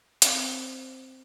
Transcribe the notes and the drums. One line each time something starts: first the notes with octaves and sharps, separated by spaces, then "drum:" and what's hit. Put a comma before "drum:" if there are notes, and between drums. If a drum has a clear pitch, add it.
C4, drum: hi-hat